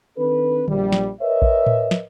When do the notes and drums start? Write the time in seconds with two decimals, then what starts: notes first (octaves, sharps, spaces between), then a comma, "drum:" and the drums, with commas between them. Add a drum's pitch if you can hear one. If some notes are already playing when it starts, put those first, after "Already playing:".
0.17 D#3 C4 D4 A4 B4
0.68 A#1 G3, drum: tom D3
0.92 drum: snare
1.21 A#4 B4 C#5 D#5 E5
1.42 drum: kick A#1
1.67 drum: tom A2
1.91 drum: snare